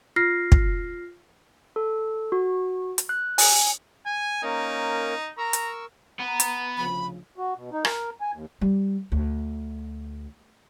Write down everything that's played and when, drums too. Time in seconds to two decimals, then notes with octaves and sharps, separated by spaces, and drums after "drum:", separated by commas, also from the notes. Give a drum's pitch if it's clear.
0.16 F4 F6 A#6 C7
0.52 drum: kick
1.76 A4
2.32 F#4
2.98 drum: hi-hat
3.09 F#6
3.38 G#5, drum: open hi-hat
4.06 G#5
4.43 A#3 C#4 D#4 A#4
5.38 A#4 A#5 C#6 E6
5.53 drum: hi-hat
6.20 B3 A#5
6.40 drum: hi-hat
6.77 D2 C#3 F3 B5
7.38 F#4
7.57 B2
7.72 D#4
7.85 A#4, drum: rim click
8.21 G#5
8.34 D#2
8.61 G3
9.12 D2